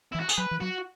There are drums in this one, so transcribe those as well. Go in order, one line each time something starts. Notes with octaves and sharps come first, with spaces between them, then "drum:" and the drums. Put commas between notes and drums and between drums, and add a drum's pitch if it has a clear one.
E3 E4
F#4
G#4, drum: tambourine
F#3 B4
E3
F#3 F#4